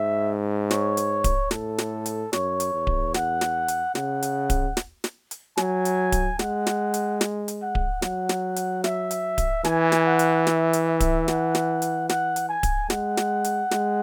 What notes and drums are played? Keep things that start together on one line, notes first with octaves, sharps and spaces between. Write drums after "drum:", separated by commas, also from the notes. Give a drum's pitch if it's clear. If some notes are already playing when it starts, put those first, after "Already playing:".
Already playing: G#2 E5
C#5, drum: snare
drum: hi-hat
drum: kick D1, hi-hat
A2 A4, drum: snare
drum: snare
drum: hi-hat
F#2 C#5, drum: snare
drum: hi-hat
E2
drum: kick D1
F#5, drum: snare
drum: snare
drum: hi-hat
C#3 F#5, drum: snare
drum: hi-hat
drum: kick D1, hi-hat
drum: snare
drum: snare
drum: hi-hat
F#3 G#5, drum: snare
drum: hi-hat
drum: kick D1, hi-hat
G#3 F#5, drum: snare
drum: snare
drum: hi-hat
drum: snare
drum: hi-hat
F#5
drum: kick D1
F#3 F#5, drum: snare
drum: snare
drum: hi-hat
E5, drum: snare
drum: hi-hat
drum: kick D1, hi-hat
E3 G#5, drum: snare
drum: snare
F#5
drum: hi-hat
E5, drum: snare
drum: hi-hat
E5
drum: kick D1, hi-hat
F#5, drum: snare
drum: snare
drum: hi-hat
F#5, drum: snare
drum: hi-hat
G#5
drum: kick D1, hi-hat
G#3 F#5, drum: snare
drum: snare
drum: hi-hat
G#3, drum: snare